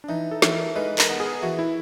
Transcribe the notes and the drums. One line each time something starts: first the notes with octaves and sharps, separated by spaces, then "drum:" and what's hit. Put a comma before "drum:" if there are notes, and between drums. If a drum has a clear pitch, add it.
D4
E3 D#4
A4
E3, drum: snare
A#4
G#3 B4
A#4, drum: clap
B3
G#4
E3 F#4
E4